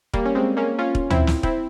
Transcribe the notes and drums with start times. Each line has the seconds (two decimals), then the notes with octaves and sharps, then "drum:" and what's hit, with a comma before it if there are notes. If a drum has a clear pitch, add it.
0.14 G3 A#3, drum: kick
0.25 C#4
0.35 G#3 C4
0.57 A#3 C#4
0.78 C#4 F4
0.95 drum: kick
1.10 C4 E4, drum: tom
1.27 drum: snare
1.43 C4 E4, drum: kick